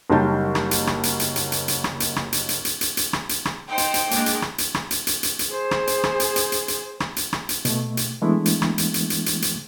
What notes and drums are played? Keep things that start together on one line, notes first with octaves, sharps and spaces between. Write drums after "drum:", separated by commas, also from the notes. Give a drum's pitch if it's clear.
F#1 F#3 G3 D#4 A5 G6
drum: rim click
drum: hi-hat
drum: rim click
drum: hi-hat
drum: hi-hat
drum: hi-hat
drum: hi-hat
drum: hi-hat
drum: rim click
drum: hi-hat
drum: rim click
drum: hi-hat
drum: hi-hat
drum: hi-hat
drum: hi-hat
drum: hi-hat
drum: rim click
drum: hi-hat
drum: rim click
D#4 C5 G5
drum: hi-hat
drum: hi-hat
G#3 A#3 D4, drum: hi-hat
drum: hi-hat
drum: rim click
drum: hi-hat
drum: rim click
drum: hi-hat
drum: hi-hat
drum: hi-hat
drum: hi-hat
G#4 C5
drum: rim click
drum: hi-hat
drum: rim click
drum: hi-hat
drum: hi-hat
drum: hi-hat
drum: hi-hat
drum: rim click
drum: hi-hat
drum: rim click
drum: hi-hat
B2 A3, drum: hi-hat
drum: hi-hat
E3 G#3 A3 B3 D4 E4
drum: hi-hat
drum: rim click
drum: hi-hat
drum: hi-hat
drum: hi-hat
drum: hi-hat
drum: hi-hat